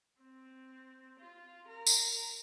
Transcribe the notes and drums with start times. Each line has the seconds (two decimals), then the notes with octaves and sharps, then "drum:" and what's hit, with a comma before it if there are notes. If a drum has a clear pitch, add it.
0.21 C4
1.19 F4
1.68 A#4
1.87 drum: tambourine